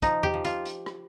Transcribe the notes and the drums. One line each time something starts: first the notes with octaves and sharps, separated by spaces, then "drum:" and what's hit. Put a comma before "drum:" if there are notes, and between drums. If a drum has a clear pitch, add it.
F3 D#4, drum: kick, hi-hat
G4, drum: tom E2
F3
F4, drum: hi-hat
drum: hi-hat
drum: rim click